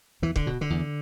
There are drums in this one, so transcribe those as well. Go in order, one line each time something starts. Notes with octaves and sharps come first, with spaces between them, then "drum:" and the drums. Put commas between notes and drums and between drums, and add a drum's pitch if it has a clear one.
E2 E3
D3, drum: kick
B2
D3
E2